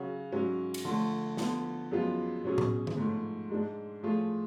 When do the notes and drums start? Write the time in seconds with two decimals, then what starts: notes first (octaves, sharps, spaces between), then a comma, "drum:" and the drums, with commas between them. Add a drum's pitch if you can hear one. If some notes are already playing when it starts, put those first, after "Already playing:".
Already playing: C#3 F#3 C#4 F#4
0.32 G#2 F#3 C#4
0.74 drum: cymbal
0.85 D3 F3 A3
1.37 D3 F3 B3, drum: snare
1.91 F#2 F3 G#3 B3 F4
2.44 B2 F#3 C#4 G#4
2.58 drum: tom A2
2.87 drum: tom D3
2.97 G#2 F3 A3
3.50 G#2 G#3 D4
4.03 A2 F3 A3 F4 G#4